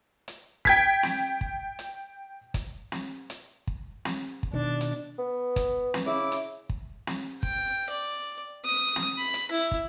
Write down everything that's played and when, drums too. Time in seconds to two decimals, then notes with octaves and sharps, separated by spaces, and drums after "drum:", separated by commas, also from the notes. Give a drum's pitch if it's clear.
0.28 drum: hi-hat
0.65 G5 G#6 B6, drum: kick
1.03 drum: snare
1.41 drum: kick
1.79 drum: hi-hat
2.54 drum: kick, hi-hat
2.92 drum: snare
3.30 drum: hi-hat
3.67 drum: kick
4.05 drum: snare
4.43 drum: kick
4.53 B2 D#3 D4
4.81 drum: hi-hat
5.18 B3
5.56 drum: kick, hi-hat
5.94 drum: snare
6.06 C#3 E4 D6
6.32 drum: hi-hat
6.69 drum: kick
7.07 drum: snare
7.43 G5, drum: kick
7.90 D5
8.65 D#6
8.96 drum: snare
9.19 B5
9.34 drum: hi-hat
9.51 E4
9.71 drum: kick